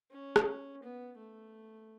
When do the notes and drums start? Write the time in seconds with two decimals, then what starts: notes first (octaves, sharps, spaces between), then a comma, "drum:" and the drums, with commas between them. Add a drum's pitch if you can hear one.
0.11 C#4
0.36 drum: rim click
0.83 B3
1.18 A3